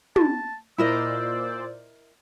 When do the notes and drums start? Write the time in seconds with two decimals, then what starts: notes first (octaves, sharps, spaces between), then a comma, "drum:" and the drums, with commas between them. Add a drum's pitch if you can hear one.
0.16 A5, drum: tom
0.78 A#2 E4 A#4 C5 D5 D#5 E6